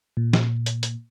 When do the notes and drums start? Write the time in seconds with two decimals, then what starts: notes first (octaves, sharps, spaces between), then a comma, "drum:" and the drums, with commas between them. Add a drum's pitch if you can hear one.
0.17 A#2
0.33 drum: snare
0.66 drum: hi-hat
0.83 drum: hi-hat